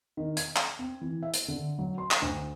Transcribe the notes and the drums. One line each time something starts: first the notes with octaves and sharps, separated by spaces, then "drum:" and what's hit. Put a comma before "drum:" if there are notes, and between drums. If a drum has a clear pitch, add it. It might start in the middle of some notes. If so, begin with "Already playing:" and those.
D#3
G#6, drum: hi-hat
drum: clap
C4
E3
E5
drum: hi-hat
D3
F#3
C6
drum: clap
D2